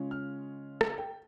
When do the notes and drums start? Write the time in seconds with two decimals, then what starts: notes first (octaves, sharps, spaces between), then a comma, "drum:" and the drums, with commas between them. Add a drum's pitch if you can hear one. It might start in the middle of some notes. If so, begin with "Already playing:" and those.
Already playing: C#3 G#3 C#4 F4
0.11 F6
0.81 drum: rim click
0.98 G5